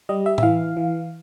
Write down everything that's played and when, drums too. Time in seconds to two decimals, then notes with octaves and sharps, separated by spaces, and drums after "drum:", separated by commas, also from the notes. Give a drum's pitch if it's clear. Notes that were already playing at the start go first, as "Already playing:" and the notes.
0.09 G3 D#5
0.26 E5
0.38 E5, drum: tom
0.43 E3 F5
0.77 E3